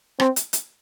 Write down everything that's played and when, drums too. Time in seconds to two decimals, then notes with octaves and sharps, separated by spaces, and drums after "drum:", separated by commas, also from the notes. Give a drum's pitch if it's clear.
0.20 C4, drum: rim click
0.36 drum: hi-hat
0.53 drum: hi-hat